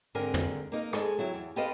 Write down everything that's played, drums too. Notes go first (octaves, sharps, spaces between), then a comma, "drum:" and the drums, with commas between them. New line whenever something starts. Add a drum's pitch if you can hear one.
G#2 D3 C4 G4 A#4 G#5
drum: tom
A#3 D#4 A#4
G#3 G#4 A4, drum: rim click
F#3 E4 G4
E2
G4 A4 B4 C5 D#5 F5